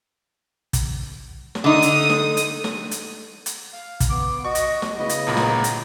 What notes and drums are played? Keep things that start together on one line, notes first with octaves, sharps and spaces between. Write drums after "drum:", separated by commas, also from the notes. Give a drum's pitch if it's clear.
drum: kick, hi-hat
drum: snare
D3 D#4 D#6
drum: hi-hat
drum: snare
drum: hi-hat
drum: snare
drum: hi-hat
drum: hi-hat
F5
drum: kick, hi-hat
B3 D6
F#4 D#5 C#6
drum: hi-hat
drum: snare
C#3 B3 E4 D#5
drum: hi-hat
G1 A#2 A#5 B5
drum: snare
drum: hi-hat